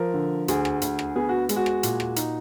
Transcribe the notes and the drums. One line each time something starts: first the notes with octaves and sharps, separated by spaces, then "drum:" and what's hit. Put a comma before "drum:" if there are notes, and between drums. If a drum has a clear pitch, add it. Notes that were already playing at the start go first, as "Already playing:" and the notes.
Already playing: F3 A#4
D3
D2 G#4, drum: hi-hat
drum: rim click
D2, drum: hi-hat
drum: rim click
B3 G#4
F#4
G#3, drum: hi-hat
F#4
drum: rim click
A#2, drum: hi-hat
drum: rim click
D#4, drum: hi-hat